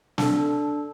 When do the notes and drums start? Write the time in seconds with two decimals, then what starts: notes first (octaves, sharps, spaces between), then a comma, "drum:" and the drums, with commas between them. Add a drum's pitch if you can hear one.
0.18 D4 A4, drum: snare